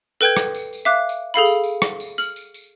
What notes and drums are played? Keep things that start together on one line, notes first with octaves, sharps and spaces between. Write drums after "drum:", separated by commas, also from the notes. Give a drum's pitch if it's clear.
A4 B4 G5 G6 G#6, drum: tambourine
drum: rim click
drum: tambourine
drum: tambourine
E5 F5 D6 F#6
drum: tambourine
G#4 A4 F5 B5
drum: tambourine
drum: tambourine
drum: rim click
drum: tambourine
F6 F#7, drum: tambourine
drum: tambourine
drum: tambourine